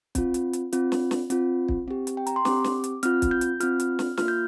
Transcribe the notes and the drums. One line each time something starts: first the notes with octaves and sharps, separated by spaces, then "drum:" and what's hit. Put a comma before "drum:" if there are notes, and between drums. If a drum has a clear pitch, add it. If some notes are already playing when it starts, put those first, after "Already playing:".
C4 F4, drum: kick, hi-hat
drum: hi-hat
drum: hi-hat
C4 F4, drum: hi-hat
drum: snare
drum: snare
C4 F4, drum: hi-hat
drum: kick
C4 G4
drum: hi-hat
G5
A#5, drum: hi-hat
C6
C4 G4 D6, drum: snare
drum: snare
drum: hi-hat
C4 F4 F6, drum: hi-hat
drum: kick, hi-hat
G6
drum: hi-hat
C4 F4 F6, drum: hi-hat
drum: hi-hat
drum: snare
A#3 F4 F6, drum: snare
G6